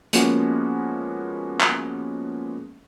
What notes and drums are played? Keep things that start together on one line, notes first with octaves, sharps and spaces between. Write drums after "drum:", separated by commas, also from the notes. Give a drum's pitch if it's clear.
F3 G#3 A#3 B3 C#4 F#4, drum: hi-hat
drum: clap